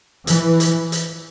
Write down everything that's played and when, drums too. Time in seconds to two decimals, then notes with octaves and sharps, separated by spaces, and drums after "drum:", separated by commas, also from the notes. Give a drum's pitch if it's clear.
0.27 E3, drum: hi-hat
0.60 drum: hi-hat
0.92 drum: hi-hat